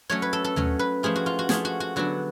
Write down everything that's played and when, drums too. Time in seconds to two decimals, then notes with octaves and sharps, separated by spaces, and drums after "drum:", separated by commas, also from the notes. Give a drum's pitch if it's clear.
0.10 F#3 A3 C#4 C#5
0.22 B4
0.33 A4
0.44 A4
0.56 F#3 A3 C#4, drum: tom D#2
0.79 B4
1.03 F3 A3 F4 G#4
1.16 F#4
1.26 F4
1.39 F#4
1.49 F3 A3 F4 G#4, drum: snare
1.65 F#4
1.80 F#4
1.96 D3 F#3 B3 D4 F#4